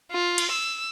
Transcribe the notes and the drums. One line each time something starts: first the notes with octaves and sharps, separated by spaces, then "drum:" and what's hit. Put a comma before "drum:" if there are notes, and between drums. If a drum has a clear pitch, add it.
F4
drum: cymbal
E6